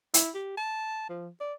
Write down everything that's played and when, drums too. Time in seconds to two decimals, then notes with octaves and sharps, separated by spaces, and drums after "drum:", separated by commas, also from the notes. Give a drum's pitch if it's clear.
0.14 E4, drum: hi-hat
0.35 G4
0.57 A5
1.09 F3
1.41 D5